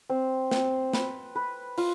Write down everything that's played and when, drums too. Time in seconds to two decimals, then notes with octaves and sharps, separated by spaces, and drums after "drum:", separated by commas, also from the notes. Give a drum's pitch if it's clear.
0.09 C4
0.51 C4, drum: snare
0.93 B4, drum: snare
1.35 B4
1.78 F4, drum: open hi-hat